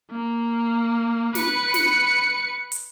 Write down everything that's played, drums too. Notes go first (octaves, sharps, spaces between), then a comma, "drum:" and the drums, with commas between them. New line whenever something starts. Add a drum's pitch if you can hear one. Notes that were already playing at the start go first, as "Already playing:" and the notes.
A#3
B4 C#7, drum: snare
drum: snare
drum: hi-hat